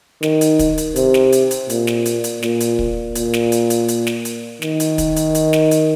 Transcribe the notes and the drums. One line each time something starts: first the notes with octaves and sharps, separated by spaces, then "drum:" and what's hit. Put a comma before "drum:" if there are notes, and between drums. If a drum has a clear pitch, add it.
D#3, drum: snare
drum: hi-hat
drum: kick, hi-hat
drum: hi-hat
C3, drum: hi-hat
drum: snare
drum: hi-hat
drum: hi-hat
A#2, drum: hi-hat
drum: snare
drum: hi-hat
drum: hi-hat
A#2, drum: snare
drum: hi-hat
drum: kick
A#2, drum: hi-hat
drum: snare
drum: hi-hat
drum: hi-hat
drum: hi-hat
drum: snare
drum: hi-hat
D#3, drum: snare
drum: hi-hat
drum: kick, hi-hat
drum: hi-hat
drum: hi-hat
drum: snare
drum: hi-hat